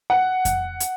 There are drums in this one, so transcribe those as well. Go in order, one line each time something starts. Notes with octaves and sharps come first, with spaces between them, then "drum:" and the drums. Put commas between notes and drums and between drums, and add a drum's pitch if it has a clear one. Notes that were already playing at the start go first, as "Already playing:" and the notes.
F#5
drum: kick F2, hi-hat
drum: hi-hat